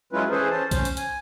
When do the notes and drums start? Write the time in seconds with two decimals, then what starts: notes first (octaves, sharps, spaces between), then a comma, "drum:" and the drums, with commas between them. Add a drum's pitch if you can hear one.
0.13 F#3 G#3 C#4 E4 F4 B4
0.31 E3 C#4 G#4 A4 B4 C5
0.51 C#4 C5 A5
0.71 C#4 C5, drum: kick B1, hi-hat
0.85 drum: hi-hat
0.97 G#5, drum: hi-hat